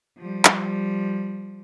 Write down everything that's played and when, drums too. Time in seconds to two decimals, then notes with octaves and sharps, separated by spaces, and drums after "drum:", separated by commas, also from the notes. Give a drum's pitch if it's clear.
0.18 F3 G3
0.45 drum: clap